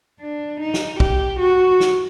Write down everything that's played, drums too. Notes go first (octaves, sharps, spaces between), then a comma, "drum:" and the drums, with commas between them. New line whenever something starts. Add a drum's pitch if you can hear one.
D4
D#4
drum: snare
G4, drum: kick
F#4
drum: snare